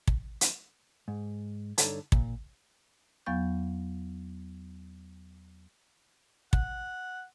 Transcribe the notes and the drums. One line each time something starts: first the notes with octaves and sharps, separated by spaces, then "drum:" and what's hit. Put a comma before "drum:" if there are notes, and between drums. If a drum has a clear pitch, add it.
drum: kick
drum: hi-hat
G#2
G2 D3 D#4 A4 C#5 A5, drum: hi-hat
A#2, drum: kick
E2 F#3 B3 F5 C#6 G6
F#5, drum: kick